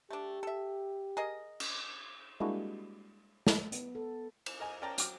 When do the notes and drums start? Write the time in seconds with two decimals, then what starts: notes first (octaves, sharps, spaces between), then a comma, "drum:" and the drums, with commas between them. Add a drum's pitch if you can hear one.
0.10 A3 D4 G4
0.43 A4 E5
1.17 G#4 A#4 D#5
1.60 drum: cymbal
2.40 G3 G#3 A#3 D4 E4 F#4
3.47 drum: snare
3.72 B3, drum: hi-hat
3.95 A4
4.46 drum: cymbal
4.60 A#4 D#5 G#5 A#5
4.82 C#4 A#4 D5 G5 A5 A#5
4.98 F#3 G5 D6 F6, drum: hi-hat